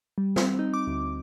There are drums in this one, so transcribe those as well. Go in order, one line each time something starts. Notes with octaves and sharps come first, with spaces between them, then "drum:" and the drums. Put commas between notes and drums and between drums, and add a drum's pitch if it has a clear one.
G3
C4, drum: snare
D#4
D6
D2